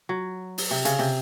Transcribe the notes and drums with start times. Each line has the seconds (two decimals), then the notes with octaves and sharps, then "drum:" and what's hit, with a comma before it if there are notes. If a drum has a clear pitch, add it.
0.09 F#3
0.58 drum: open hi-hat
0.71 C3
0.85 C#3, drum: hi-hat
0.99 C3